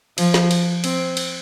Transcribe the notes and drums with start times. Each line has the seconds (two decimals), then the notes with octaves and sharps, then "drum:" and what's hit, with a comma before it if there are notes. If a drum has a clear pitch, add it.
0.18 F3, drum: cymbal
0.34 drum: snare
0.51 drum: cymbal
0.84 C4, drum: cymbal
1.17 drum: cymbal